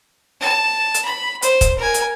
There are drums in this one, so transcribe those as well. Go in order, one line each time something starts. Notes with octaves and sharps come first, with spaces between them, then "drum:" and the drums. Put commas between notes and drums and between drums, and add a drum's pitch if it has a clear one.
A5
drum: hi-hat
B5
C5, drum: hi-hat
drum: kick, hi-hat
A#4 G#5
drum: hi-hat